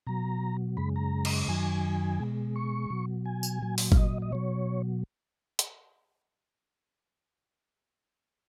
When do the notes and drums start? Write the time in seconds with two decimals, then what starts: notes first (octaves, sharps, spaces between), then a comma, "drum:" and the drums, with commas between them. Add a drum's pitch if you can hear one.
0.07 B2 F#3 A#5
0.77 F#2 C#3 G#3 B5
0.96 A#5
1.25 drum: cymbal
1.48 F#2 D#3 F#3 G#5
2.20 B2 G#3
2.56 C#6
2.90 B2 F#3
3.26 G#5
3.43 drum: tambourine
3.62 A#2 F#3
3.78 drum: open hi-hat
3.92 F5, drum: kick G1
3.97 D#5
4.22 D#5
4.32 B2 F#3 C#5
5.59 drum: hi-hat